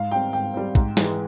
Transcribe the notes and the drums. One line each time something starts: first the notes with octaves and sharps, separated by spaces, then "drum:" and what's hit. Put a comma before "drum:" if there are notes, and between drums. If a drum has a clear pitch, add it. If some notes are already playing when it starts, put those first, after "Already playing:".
Already playing: G#2 F5
G3 C4 G5
G#2 G5
G3 C4
G#2, drum: kick
E3 G#3, drum: snare